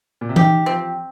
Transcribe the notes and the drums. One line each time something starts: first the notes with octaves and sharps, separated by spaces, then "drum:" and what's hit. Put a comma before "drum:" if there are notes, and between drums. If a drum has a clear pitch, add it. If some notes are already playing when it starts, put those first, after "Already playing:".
A#2
C3
D#3 G4, drum: tom E3
F3 C4